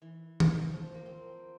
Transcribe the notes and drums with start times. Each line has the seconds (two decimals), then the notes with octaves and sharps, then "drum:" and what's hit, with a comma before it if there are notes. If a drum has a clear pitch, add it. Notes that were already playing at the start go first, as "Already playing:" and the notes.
0.02 E3
0.40 drum: tom D#3
0.71 F3
0.94 A#3
1.06 C4